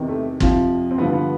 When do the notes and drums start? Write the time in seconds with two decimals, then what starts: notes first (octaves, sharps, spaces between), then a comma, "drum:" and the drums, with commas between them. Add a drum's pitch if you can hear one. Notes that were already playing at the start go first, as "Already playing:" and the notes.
Already playing: E2 C3 D#3
0.08 A3
0.40 F2 C3 F3, drum: kick
0.91 C4
0.98 G2 D3 F3 B3
1.13 B3